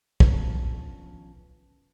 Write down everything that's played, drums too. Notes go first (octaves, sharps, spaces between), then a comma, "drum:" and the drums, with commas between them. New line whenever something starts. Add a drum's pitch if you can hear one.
D#3 F3 B3 C#4 D4, drum: kick